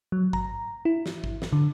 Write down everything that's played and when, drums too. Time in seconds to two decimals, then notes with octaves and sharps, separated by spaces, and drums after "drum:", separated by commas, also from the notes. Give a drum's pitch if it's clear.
0.12 F#3
0.33 A#5, drum: kick G#1
0.85 E4
1.06 drum: snare
1.24 drum: kick G#1
1.42 drum: snare
1.52 D3